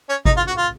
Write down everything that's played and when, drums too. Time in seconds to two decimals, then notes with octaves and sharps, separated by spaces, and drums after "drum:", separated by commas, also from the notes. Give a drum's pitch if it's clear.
0.09 C#4
0.25 D#4, drum: kick G#1
0.37 F4
0.47 F#4
0.57 F4